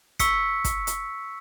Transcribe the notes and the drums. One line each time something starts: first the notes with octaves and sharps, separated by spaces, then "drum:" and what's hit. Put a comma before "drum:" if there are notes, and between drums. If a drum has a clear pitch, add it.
C#6 E6 B6 C#7, drum: kick, hi-hat
drum: kick, hi-hat
drum: hi-hat